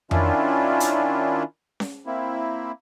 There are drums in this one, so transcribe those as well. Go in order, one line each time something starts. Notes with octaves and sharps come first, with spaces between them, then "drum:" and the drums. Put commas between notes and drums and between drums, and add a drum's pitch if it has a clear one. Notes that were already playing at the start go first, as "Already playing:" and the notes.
D#3 C#4 D4 E4 F4, drum: tom F2
drum: hi-hat
drum: snare C#4
A#3 C4 E4